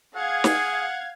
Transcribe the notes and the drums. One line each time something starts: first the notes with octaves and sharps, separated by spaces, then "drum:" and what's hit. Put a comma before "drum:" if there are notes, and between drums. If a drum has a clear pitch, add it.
G#4 F5 F#5 G#6
drum: snare